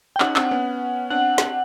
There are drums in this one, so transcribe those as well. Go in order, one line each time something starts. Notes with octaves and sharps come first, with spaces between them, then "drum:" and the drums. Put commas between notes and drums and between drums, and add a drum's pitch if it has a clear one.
G5
C#4 D#4 F#5, drum: clap
C4 D4, drum: clap
B3 C#4
C4 D4 F#5
drum: snare